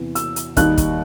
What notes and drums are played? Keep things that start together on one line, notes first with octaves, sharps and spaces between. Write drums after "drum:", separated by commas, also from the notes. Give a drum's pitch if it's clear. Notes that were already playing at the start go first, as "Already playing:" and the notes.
Already playing: E2 C3 E3
E6, drum: hi-hat
drum: hi-hat
D#2 D#3 G3 D#4 F#6, drum: kick, hi-hat
drum: kick, hi-hat